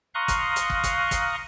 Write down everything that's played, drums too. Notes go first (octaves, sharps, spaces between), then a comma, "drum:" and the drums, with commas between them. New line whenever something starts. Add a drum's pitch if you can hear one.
F5 A#5 C6 C#6 D#6 F#6
drum: kick, hi-hat
drum: hi-hat
drum: kick
drum: kick, hi-hat
drum: kick, hi-hat